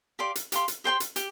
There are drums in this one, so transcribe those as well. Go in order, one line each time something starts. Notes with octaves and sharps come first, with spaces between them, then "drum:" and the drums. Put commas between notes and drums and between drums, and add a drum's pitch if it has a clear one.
G4 D5 F5 C6
drum: hi-hat
G4 D5 F5 C6, drum: hi-hat
drum: hi-hat
G4 C5 G5 C6
drum: hi-hat
G4, drum: hi-hat